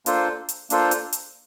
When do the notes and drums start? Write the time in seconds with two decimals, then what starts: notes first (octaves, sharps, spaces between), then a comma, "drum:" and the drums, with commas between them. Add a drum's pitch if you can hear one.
0.06 A#3 D4 F4 A4 C5, drum: hi-hat
0.49 drum: hi-hat
0.70 A#3 D4 F4 A4 C5, drum: hi-hat
0.91 drum: hi-hat
1.13 drum: hi-hat